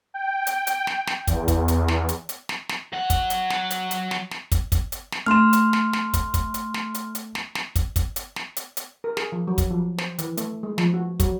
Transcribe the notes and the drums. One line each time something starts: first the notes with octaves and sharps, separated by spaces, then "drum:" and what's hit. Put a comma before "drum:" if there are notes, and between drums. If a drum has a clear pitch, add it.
G5
drum: hi-hat
drum: hi-hat
drum: snare
drum: snare
E2, drum: kick, hi-hat
drum: kick, hi-hat
drum: hi-hat
drum: snare
drum: hi-hat
drum: hi-hat
drum: snare
drum: snare
F#3 F#5
drum: kick, hi-hat
drum: hi-hat
drum: snare
drum: hi-hat
drum: hi-hat
drum: snare
drum: snare
drum: kick, hi-hat
drum: kick, hi-hat
drum: hi-hat
drum: snare
A3 C6 F6 E7
drum: hi-hat
drum: snare
drum: snare
drum: kick, hi-hat
drum: kick, hi-hat
drum: hi-hat
drum: snare
drum: hi-hat
drum: hi-hat
drum: snare
drum: snare
drum: kick, hi-hat
drum: kick, hi-hat
drum: hi-hat
drum: snare
drum: hi-hat
drum: hi-hat
A#4
G#4, drum: snare
F3
F#3
drum: kick, hi-hat
F3
C5, drum: snare
E3, drum: hi-hat
A3, drum: hi-hat
G#3
F3, drum: snare
F#4
F#3, drum: kick, hi-hat